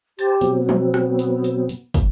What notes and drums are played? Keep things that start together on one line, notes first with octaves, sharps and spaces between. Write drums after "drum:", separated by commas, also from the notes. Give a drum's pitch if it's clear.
G4 C5 A5, drum: hi-hat
B2 F#3 C4, drum: hi-hat
B3
drum: tom F3
drum: rim click
drum: hi-hat
drum: hi-hat
drum: hi-hat
drum: kick, hi-hat